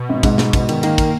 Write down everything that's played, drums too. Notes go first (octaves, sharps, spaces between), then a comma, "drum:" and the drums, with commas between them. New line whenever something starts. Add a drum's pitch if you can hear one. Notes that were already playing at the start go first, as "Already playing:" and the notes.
Already playing: B2
G#1
G#2, drum: kick, cymbal
G#2, drum: snare
G#2, drum: kick, cymbal
D#3, drum: cymbal
D#3 A#3, drum: cymbal
drum: kick, cymbal